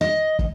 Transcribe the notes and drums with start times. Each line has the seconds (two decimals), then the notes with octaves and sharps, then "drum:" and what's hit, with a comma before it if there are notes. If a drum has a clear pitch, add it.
0.01 D#5
0.39 drum: kick